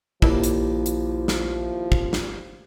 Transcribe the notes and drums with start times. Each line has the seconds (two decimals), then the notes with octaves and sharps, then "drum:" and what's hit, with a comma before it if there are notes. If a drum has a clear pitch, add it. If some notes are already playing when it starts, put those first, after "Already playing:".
0.22 A#1 D#2 F3 D4 E4, drum: kick
0.43 drum: hi-hat
0.86 drum: hi-hat
1.28 drum: snare
1.92 drum: kick
2.13 drum: snare